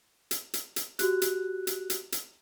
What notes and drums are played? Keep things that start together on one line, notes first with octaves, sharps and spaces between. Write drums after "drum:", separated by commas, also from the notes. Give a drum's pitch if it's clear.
drum: hi-hat
drum: hi-hat
drum: hi-hat
F#4 G4 F#6, drum: hi-hat
drum: hi-hat
drum: hi-hat
drum: hi-hat
drum: hi-hat